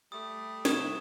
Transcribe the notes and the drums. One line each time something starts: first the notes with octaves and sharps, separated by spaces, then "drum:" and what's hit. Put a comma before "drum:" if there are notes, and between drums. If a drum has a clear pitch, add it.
G3 A3 D#6
C2 C#6 D#6 G#6 E7, drum: snare